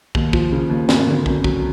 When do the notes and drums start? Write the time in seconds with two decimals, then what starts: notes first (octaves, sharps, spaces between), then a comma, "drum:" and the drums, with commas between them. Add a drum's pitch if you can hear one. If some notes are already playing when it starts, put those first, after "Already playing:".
0.15 D#2, drum: kick
0.33 F3, drum: kick
0.52 C#3
0.70 D#2
0.89 G#1, drum: snare
1.07 D3
1.26 F#2, drum: kick
1.44 F#3, drum: kick